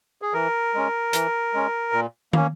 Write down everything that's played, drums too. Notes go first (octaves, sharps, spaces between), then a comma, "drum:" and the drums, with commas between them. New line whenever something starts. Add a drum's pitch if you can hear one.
G#4
E3 A#4
G#3 C#4
E3, drum: hi-hat
G#3 C#4
A#2
A#3 C#4, drum: tom